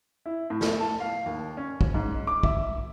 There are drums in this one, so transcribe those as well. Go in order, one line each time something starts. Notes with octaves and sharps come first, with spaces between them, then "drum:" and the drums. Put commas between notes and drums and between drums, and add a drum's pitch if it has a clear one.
E4
A2
drum: snare
A5
F5
D#2
C#4
drum: kick
G#2
D6
E5, drum: kick